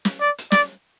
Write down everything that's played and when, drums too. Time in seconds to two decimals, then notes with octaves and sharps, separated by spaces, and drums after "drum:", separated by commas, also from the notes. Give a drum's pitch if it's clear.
0.05 drum: snare
0.21 D5
0.38 drum: hi-hat
0.52 D5, drum: snare